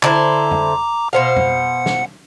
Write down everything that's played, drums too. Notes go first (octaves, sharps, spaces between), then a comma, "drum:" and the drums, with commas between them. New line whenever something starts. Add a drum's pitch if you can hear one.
D3 E4 C5 A#5 D6, drum: clap
drum: tom F2
B2 C5 F5 F#5 C#7
drum: tom F2
drum: snare